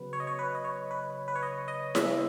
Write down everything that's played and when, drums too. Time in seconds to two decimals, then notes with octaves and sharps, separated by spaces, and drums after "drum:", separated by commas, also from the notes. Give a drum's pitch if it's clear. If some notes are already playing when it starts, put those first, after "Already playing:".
Already playing: C#3 F#3 B3 B4
0.13 C#5
0.20 D#5
0.27 C#5
0.39 B4
0.55 D#5
0.64 C#5
0.91 B4
1.28 B4
1.35 C#5
1.43 D#5
1.68 D#5
1.95 E5, drum: snare E4